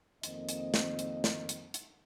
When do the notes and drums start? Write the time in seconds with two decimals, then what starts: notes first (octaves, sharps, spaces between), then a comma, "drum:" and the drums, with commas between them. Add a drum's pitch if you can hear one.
0.23 F2 D#3 A#3 C4 D#5, drum: hi-hat
0.49 drum: hi-hat
0.74 drum: snare
0.99 drum: hi-hat
1.24 drum: snare
1.49 drum: hi-hat
1.74 drum: hi-hat